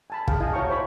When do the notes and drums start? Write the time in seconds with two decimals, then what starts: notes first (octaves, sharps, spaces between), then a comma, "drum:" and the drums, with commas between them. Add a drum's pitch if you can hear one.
0.10 G#5 A5 B5
0.28 G#4 F5 G5, drum: kick
0.40 E4 D#5 F5 G#5 A5
0.53 E4 F#4 C#5 G5 A#5 C#6
0.69 C5 C#5 B5